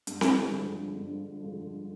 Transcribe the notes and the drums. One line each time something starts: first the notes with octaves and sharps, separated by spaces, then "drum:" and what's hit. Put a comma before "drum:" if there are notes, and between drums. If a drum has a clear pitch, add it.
G2, drum: hi-hat
drum: snare C4
D3 F3 G#3
G2
D3 F3 G#3